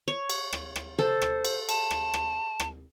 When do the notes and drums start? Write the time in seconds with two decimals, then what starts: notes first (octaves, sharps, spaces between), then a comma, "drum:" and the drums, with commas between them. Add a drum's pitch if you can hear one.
0.08 C#5
0.30 drum: cymbal
0.53 drum: rim click
0.76 drum: rim click
0.99 A4 C5, drum: tom
1.22 drum: rim click
1.45 drum: cymbal
1.69 A5, drum: cymbal
1.91 drum: rim click
2.14 drum: rim click
2.60 drum: rim click